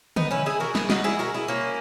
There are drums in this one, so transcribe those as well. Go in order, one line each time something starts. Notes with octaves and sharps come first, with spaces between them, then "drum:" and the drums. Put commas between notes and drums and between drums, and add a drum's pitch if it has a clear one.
B3 D#4, drum: tom D3
C#4 E4
E4 G#4
F#4 A#4
E4 G#4, drum: snare
D#4 F#4, drum: snare
E4 G#4
F#4 A#4
E4 G#4
A#3 C#4